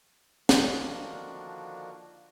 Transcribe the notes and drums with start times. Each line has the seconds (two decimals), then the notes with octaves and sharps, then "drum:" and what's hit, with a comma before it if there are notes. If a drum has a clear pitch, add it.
0.49 D3 D#3 F3 A#3 D4 F#4, drum: snare